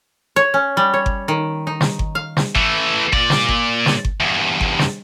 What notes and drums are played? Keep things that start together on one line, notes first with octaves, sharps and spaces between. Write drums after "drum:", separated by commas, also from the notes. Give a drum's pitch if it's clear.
C#5
C#4
G3
C#5
drum: kick G1
D#3
D#4
drum: snare
drum: kick G1
F5
drum: snare
E3 A3, drum: kick G1
A#2 D5, drum: kick G1
drum: snare
drum: kick G1
drum: snare
drum: kick G1
E2 G2
drum: kick G1
drum: snare